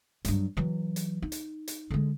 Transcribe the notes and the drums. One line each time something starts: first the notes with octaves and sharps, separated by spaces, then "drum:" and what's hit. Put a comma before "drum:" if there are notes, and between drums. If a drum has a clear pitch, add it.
G2 F#3, drum: hi-hat
E3 F#3
drum: hi-hat
D#4
drum: hi-hat
drum: hi-hat
D3 G#3